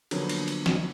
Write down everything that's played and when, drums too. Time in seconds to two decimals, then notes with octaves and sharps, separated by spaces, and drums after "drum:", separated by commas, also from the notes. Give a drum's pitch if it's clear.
0.11 D3 F3 F#3 A#3 B3, drum: cymbal
0.29 drum: cymbal
0.48 drum: cymbal
0.66 drum: snare